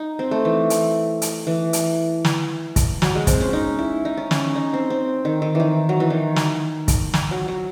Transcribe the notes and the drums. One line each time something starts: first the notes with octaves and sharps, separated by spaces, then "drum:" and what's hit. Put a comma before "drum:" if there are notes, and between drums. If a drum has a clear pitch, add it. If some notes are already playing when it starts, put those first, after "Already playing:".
Already playing: D#4
C4
A3
E3
drum: hi-hat
drum: hi-hat
E3
drum: hi-hat
drum: snare
drum: kick, hi-hat
F#3, drum: snare
G#3
C4, drum: kick, hi-hat
C#4
D#4
E4
D#4
C#4
C#4, drum: snare
D#4
C4
C4
D#3
D#3
D#3 E3
F#3
E3
D#3
drum: snare
drum: kick, hi-hat
drum: snare
F#3
F#3